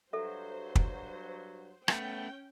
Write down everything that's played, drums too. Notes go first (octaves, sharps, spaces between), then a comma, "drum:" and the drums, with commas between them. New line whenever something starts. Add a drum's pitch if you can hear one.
G2 F#3 A4 C5 E5
drum: kick
A3 B3 C#4 G5, drum: rim click